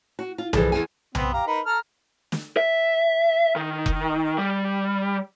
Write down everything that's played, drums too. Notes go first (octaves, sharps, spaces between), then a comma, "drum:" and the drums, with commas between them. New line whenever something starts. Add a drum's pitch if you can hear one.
F#4
F4
E3 F3 G3 G#4 A4, drum: tom B1
E2 G2 E3 G#4 G#5
B3 C4, drum: tom B1
G4 F5 A#5
D#4 A#4 B4
A4 A#5 F6
drum: snare
E5
D#3
drum: kick F1
G3